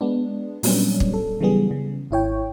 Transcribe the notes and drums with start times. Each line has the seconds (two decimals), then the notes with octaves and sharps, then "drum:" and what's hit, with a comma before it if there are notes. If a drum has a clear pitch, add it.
0.01 G#3 B3 D4
0.63 A#2 F#3 G3 B3 C#4 D4, drum: open hi-hat
1.00 drum: kick
1.14 A4
1.40 C#3 E3 F#3 G3 B3 G#4
1.71 C#3
2.11 G#1 E4 C#5 G5